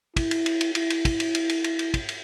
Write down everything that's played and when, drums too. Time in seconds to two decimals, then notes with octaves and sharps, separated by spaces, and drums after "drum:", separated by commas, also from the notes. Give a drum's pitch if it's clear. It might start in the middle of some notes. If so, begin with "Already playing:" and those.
0.16 E4, drum: kick, cymbal
0.31 drum: cymbal
0.46 drum: cymbal
0.61 drum: cymbal
0.75 E4, drum: cymbal
0.90 drum: cymbal
1.05 drum: kick, cymbal
1.20 drum: cymbal
1.35 drum: cymbal
1.49 drum: cymbal
1.64 drum: cymbal
1.79 drum: cymbal
1.94 drum: kick, cymbal
2.09 drum: cymbal